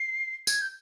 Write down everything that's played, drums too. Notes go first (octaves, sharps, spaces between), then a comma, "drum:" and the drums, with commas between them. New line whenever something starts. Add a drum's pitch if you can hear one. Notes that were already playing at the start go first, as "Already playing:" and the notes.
Already playing: C7
G#6, drum: tambourine
G6